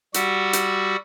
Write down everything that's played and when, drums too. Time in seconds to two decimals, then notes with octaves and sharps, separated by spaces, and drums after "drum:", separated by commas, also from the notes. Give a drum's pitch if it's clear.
0.14 G3 F#4 G4 F#5 E6, drum: hi-hat
0.53 drum: hi-hat